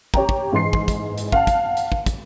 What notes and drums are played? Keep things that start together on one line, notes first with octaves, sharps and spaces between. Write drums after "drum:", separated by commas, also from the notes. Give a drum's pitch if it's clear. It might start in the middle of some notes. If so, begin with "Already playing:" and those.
G4 C#5 G5 A#5, drum: kick
drum: kick
G#2 E3 C6 C7
drum: kick
drum: kick, hi-hat
drum: hi-hat
F5 F#5 A5, drum: kick
drum: kick, hi-hat
drum: hi-hat
drum: kick
drum: kick, hi-hat